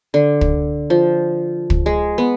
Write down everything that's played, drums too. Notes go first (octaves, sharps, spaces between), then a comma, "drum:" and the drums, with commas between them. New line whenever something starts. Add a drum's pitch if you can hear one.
D3
drum: kick
F3
drum: kick
G#3
B3